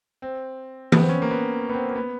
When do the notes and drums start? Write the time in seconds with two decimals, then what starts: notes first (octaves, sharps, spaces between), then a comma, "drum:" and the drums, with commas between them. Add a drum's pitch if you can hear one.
0.22 C4
0.92 B3, drum: tom E3
1.01 C4
1.09 C#4
1.22 A#3
1.31 B3
1.69 B3
1.74 C4
1.90 A#3
1.96 B3